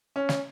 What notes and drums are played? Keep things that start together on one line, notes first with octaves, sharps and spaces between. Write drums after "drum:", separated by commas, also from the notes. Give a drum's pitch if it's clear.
C#4
drum: snare